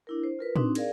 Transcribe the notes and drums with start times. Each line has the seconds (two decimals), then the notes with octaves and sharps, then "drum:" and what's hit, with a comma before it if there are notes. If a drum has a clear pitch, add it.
0.07 D4 E4 A#4
0.24 C5
0.39 F4 A#4 B4
0.56 C4 D4 D#4 F#4, drum: tom
0.75 G#4 A#4 D5 F5, drum: cymbal